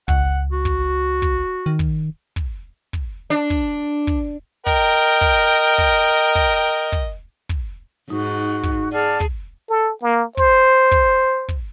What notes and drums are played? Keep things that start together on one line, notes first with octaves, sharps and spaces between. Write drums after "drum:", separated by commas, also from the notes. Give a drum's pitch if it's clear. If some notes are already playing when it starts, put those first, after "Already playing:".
C#2 F#5, drum: kick
F#4
drum: kick
drum: kick
D#3
drum: kick
drum: kick
drum: kick
D4
drum: kick
drum: kick
A#4 D#5 G5, drum: kick
drum: kick
drum: kick
drum: kick
drum: kick
drum: kick
G#2 D#4 F#4
drum: kick
G#4 D5 F#5 A5 F6
drum: kick
A4
A#3
C5, drum: kick
drum: kick
drum: kick